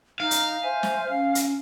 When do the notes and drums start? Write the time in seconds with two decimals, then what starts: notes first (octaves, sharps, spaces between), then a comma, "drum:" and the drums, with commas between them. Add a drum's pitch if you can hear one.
0.20 D#4 F5
0.31 drum: hi-hat
0.63 C5 E5 G#5
0.83 drum: snare
1.09 C#4 F5
1.35 drum: hi-hat